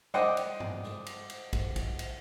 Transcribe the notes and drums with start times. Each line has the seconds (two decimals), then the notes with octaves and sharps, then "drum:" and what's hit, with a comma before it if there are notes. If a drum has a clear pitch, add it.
0.14 C5 D5 D#5 F#5 G5, drum: snare
0.37 drum: cymbal
0.60 drum: tom G2
0.83 drum: snare
1.06 drum: cymbal
1.30 drum: cymbal
1.53 drum: kick A#1, cymbal
1.76 drum: kick A#1, cymbal
1.99 drum: cymbal